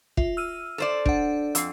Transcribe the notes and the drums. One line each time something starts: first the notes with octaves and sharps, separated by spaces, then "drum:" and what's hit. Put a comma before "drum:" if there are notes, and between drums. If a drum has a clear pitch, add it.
F4 E5, drum: kick
E6 F6 D#7
A4 C5 D5
D4 F#5, drum: kick
F2 E6 C7, drum: hi-hat